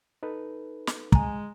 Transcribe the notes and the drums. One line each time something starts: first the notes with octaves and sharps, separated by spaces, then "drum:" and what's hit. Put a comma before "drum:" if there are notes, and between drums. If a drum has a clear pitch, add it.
D#4 A4 B4
drum: snare
G#3 G#5 A#5, drum: kick